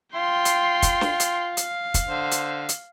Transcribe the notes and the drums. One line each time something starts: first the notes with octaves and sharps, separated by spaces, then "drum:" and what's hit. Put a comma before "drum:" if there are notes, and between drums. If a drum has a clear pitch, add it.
F4 G5 C6
drum: hi-hat
drum: kick, hi-hat
drum: snare
drum: hi-hat
F5, drum: hi-hat
drum: kick, hi-hat
D3 C5
drum: hi-hat
drum: hi-hat